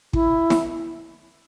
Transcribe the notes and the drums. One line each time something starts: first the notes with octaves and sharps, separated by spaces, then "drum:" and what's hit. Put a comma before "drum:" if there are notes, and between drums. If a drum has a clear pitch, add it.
E4, drum: kick
drum: snare